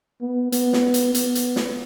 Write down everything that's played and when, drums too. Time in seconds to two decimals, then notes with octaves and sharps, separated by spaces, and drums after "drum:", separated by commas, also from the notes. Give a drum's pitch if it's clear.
0.21 B3
0.52 B3, drum: hi-hat
0.73 drum: snare
0.94 drum: hi-hat
1.15 B3, drum: hi-hat
1.35 drum: hi-hat
1.56 drum: snare